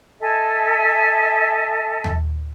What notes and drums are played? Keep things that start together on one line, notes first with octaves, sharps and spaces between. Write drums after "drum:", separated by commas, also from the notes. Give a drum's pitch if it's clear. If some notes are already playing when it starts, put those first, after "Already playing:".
A4 D#5 E5 G#5
drum: tom